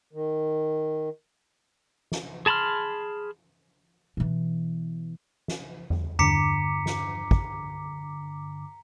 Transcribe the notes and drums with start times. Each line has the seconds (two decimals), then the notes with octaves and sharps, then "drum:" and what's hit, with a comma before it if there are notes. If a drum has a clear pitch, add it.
0.13 D#3
2.12 drum: snare
2.46 G#4 A5 B5 C6 F6
4.17 B2 E3
5.48 drum: snare
5.90 drum: tom E2
6.19 G2 D3 A#5 D6 B6 C#7, drum: tom E2
6.86 drum: snare
7.31 drum: kick